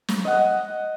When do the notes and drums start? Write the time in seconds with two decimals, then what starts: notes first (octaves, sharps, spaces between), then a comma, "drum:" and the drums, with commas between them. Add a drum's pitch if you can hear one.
0.08 drum: snare
0.25 D#5 F#5